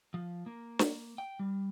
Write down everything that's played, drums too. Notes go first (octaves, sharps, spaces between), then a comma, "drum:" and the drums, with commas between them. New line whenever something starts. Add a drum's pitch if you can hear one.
F3
A#3
drum: snare
G5
G3